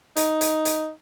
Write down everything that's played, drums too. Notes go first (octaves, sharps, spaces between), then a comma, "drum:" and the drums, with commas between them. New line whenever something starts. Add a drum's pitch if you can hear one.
D#4, drum: hi-hat
drum: hi-hat
drum: hi-hat